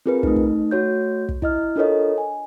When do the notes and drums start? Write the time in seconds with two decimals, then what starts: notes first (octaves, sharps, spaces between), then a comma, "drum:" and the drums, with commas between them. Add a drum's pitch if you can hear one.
0.06 C4 F4 G#4 A#4 B4
0.23 A3 D#4, drum: kick
0.36 drum: kick
0.71 A3 F#4 C#5 G6
1.29 drum: kick
1.42 E4 D#5 F6, drum: kick
1.76 D4 F4 A4 A#4 C#5 D#5
2.18 G#5